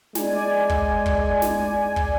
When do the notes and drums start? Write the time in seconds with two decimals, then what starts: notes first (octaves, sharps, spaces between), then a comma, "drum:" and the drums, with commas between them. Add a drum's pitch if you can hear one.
0.15 G#3 D5 G#5, drum: snare
0.69 drum: kick
1.06 drum: kick
1.42 drum: snare
1.96 drum: kick